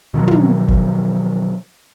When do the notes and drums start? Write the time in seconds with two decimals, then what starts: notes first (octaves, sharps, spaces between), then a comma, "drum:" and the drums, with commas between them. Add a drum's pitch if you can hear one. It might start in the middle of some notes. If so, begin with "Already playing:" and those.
0.14 B2 D#3 F3 F#3
0.28 drum: tom
0.68 drum: kick G1